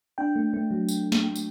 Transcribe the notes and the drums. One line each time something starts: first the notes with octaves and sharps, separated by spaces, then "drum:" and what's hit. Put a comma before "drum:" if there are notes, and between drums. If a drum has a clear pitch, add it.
D4 G5
A3
A3
F#3
drum: tambourine
drum: snare
drum: tambourine